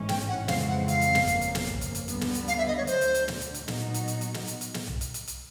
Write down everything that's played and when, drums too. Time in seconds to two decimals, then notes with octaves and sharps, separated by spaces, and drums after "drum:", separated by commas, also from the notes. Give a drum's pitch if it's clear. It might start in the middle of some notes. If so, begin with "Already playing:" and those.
Already playing: A1 G#2 E3 G#3 C#4
0.09 G5, drum: snare
0.28 F#5
0.48 F2 C#3 E3 G#3 C4 F5, drum: snare
0.68 F#5
0.88 F5, drum: hi-hat
1.01 drum: hi-hat
1.15 drum: snare
1.28 G1 F2 C#3 F3 A#3, drum: hi-hat
1.41 drum: hi-hat
1.55 drum: snare
1.68 drum: tom B1
1.81 drum: hi-hat
1.95 drum: hi-hat
2.08 D2 D3 G3 B3, drum: hi-hat
2.21 drum: snare
2.35 drum: hi-hat
2.48 F5, drum: hi-hat
2.58 E5
2.68 D#5
2.78 C#5
2.87 D2 D3 F#3 C5, drum: hi-hat
3.01 drum: hi-hat
3.14 drum: hi-hat
3.28 drum: snare
3.41 drum: hi-hat
3.54 drum: hi-hat
3.68 A#2 F#3 B3 D#4 F#4, drum: snare
3.94 drum: hi-hat
4.08 drum: hi-hat
4.21 drum: hi-hat
4.34 drum: snare
4.48 drum: hi-hat
4.61 drum: hi-hat
4.74 drum: snare
4.88 drum: tom B1
5.01 drum: hi-hat
5.14 drum: hi-hat
5.27 drum: hi-hat